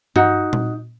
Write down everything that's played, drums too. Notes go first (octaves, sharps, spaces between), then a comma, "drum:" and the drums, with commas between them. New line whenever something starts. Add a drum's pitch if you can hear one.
D#4 F#4, drum: tom G2
drum: tom A#2